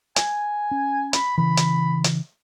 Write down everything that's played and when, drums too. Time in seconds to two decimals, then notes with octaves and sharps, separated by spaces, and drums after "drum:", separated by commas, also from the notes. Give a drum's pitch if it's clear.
0.16 G#5, drum: hi-hat
0.71 C#4
1.13 B5, drum: hi-hat
1.38 C#3 E3 B5
1.57 drum: hi-hat
2.04 drum: hi-hat